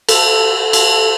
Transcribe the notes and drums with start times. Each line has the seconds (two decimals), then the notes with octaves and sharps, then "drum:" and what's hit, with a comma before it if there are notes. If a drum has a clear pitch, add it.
0.09 A4, drum: cymbal
0.73 drum: cymbal